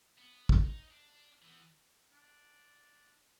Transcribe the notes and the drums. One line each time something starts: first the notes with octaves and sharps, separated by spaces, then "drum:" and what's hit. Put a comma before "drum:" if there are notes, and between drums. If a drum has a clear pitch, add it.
B3
drum: kick
D#4
D4
E3 B3
D4